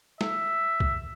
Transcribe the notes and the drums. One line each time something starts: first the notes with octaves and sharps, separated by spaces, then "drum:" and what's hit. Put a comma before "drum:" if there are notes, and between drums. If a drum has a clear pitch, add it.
E5, drum: snare
drum: kick